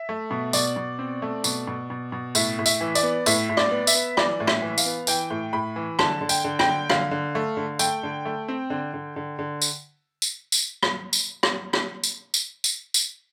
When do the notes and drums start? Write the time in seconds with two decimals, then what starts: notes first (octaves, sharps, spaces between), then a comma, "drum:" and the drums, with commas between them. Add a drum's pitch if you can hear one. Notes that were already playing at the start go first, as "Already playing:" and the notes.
Already playing: E5
0.09 A3
0.31 B2
0.53 B2 D5, drum: tambourine
0.76 B2
0.99 C4
1.22 A3
1.44 B2, drum: tambourine
1.67 B2
1.90 B2
2.12 B2
2.35 A2 E5, drum: tambourine
2.59 A2
2.66 E5, drum: tambourine
2.81 E3
2.95 D5, drum: tambourine
3.03 B3
3.26 A2 E5, drum: tambourine
3.49 A2
3.57 D5, drum: rim click
3.71 B3
3.87 E5, drum: tambourine
3.94 B3
4.17 E3 D5, drum: rim click
4.40 A2
4.47 E5, drum: rim click
4.62 E3
4.78 F5, drum: tambourine
4.86 B3
5.07 E3 G5, drum: tambourine
5.30 A2
5.53 A2 B5
5.76 E3
5.99 D3 A5, drum: rim click
6.21 D3
6.29 G5, drum: tambourine
6.44 D3
6.59 G5, drum: rim click
6.67 D3
6.89 D3 F5, drum: rim click
7.11 D3
7.35 A3
7.57 D3
7.79 A3 G5, drum: tambourine
8.03 D3
8.25 A3
8.48 C4
8.70 D3
8.94 D3
9.16 D3
9.39 D3
9.62 drum: tambourine
10.22 drum: tambourine
10.52 drum: tambourine
10.83 drum: rim click
11.13 drum: tambourine
11.43 drum: rim click
11.73 drum: rim click
12.04 drum: tambourine
12.34 drum: tambourine
12.64 drum: tambourine
12.94 drum: tambourine